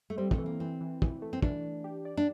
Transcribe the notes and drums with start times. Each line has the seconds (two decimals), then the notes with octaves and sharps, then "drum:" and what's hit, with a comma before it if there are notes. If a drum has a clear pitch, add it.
0.10 A3
0.18 G3 C4
0.31 A3, drum: kick
0.38 E3
0.46 A#3
0.60 E3 C4
0.81 E3
1.02 E3, drum: kick
1.22 A3
1.33 C4
1.42 E3 D4, drum: kick
1.64 E3
1.84 G4
2.05 D5
2.17 D4